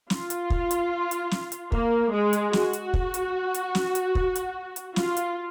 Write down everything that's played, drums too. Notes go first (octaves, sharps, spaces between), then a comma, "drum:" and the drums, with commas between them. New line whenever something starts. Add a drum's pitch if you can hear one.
F4, drum: snare
drum: hi-hat
drum: kick
drum: hi-hat
drum: hi-hat
drum: snare
drum: hi-hat
A#3, drum: kick
G#3
drum: hi-hat
F#4, drum: snare
drum: hi-hat
drum: kick
drum: hi-hat
drum: hi-hat
drum: snare
drum: hi-hat
drum: kick
drum: hi-hat
drum: hi-hat
F4, drum: snare
drum: hi-hat